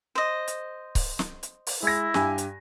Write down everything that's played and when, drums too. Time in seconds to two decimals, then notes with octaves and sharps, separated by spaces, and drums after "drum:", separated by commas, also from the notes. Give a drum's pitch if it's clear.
0.15 C5 D#5
0.48 drum: hi-hat
0.95 drum: kick C#1, open hi-hat
1.19 drum: snare
1.43 drum: hi-hat
1.67 drum: open hi-hat
1.83 G#3 E4 A#6
2.14 G2 G4 G#5, drum: snare
2.38 drum: hi-hat